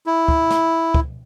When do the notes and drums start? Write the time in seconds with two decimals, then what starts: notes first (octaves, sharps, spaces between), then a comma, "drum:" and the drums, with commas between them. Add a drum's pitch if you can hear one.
0.06 E4
0.28 drum: kick
0.50 drum: snare
0.94 drum: kick